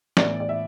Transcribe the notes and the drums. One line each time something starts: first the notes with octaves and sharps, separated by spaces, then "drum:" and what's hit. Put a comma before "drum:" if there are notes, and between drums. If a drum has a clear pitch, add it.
A2 E3 B3 D5, drum: snare
D5
E5